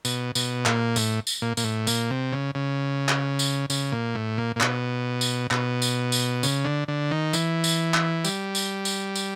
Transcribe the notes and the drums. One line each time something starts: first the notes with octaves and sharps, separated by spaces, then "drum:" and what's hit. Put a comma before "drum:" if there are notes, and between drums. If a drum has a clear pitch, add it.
B2, drum: tambourine
B2, drum: tambourine
A#2, drum: clap
A2, drum: tambourine
drum: tambourine
A#2
A#2, drum: tambourine
A2
A#2, drum: tambourine
C3
C#3
C#3
drum: clap
drum: tambourine
C#3, drum: tambourine
A#2
A2
A#2
A#2
B2, drum: clap
drum: tambourine
B2, drum: clap
drum: tambourine
drum: tambourine
C#3, drum: tambourine
D3
D3
D#3
E3, drum: tambourine
drum: tambourine
drum: clap
G3, drum: tambourine
drum: tambourine
drum: tambourine
drum: tambourine